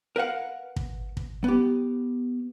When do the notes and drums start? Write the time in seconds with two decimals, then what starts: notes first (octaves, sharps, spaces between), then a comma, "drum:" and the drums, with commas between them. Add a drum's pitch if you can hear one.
0.16 A#4 B4 F5 F#5
0.76 drum: kick
1.17 drum: kick
1.44 B3 G4